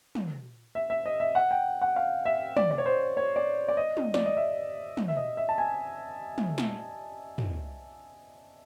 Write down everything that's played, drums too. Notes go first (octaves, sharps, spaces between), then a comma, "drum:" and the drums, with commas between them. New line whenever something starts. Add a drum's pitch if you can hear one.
drum: tom
E5
E5
D#5
E5
F#5
G5
F#5
F5
E5
D5, drum: tom
D5
C#5
C5
C#5
D5
D5
D#5
drum: tom
D5, drum: snare
D#5
E5
drum: tom
E5
D#5
E5
A5
G#5
drum: tom
drum: snare
drum: tom